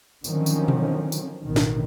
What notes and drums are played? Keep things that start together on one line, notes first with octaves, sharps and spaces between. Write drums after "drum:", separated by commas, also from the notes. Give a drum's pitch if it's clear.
D3 D#3 F3 F#3 C4 C#4, drum: tambourine
drum: tambourine
drum: tom B2
drum: tambourine
A1 B2 D#3
drum: snare